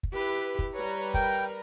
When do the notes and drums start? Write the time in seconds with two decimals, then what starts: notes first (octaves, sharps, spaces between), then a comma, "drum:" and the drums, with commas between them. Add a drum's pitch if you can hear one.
0.03 drum: kick
0.13 E4 G4 B4
0.59 drum: kick
0.74 G3 B4 C#5 A#5
1.14 A#4 G5, drum: kick